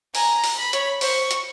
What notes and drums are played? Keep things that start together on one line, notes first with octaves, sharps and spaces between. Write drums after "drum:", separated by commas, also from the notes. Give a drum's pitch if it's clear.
G#5 A#5, drum: open hi-hat
drum: open hi-hat
B5
C#5, drum: hi-hat
C5 C#6, drum: open hi-hat
drum: hi-hat